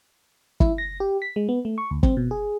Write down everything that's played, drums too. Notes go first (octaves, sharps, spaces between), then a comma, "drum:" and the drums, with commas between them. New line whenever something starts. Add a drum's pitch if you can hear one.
E4, drum: kick
A#6
G4
B6
G#3
B3
A3
C#6
D2
C4, drum: kick
B2
G#4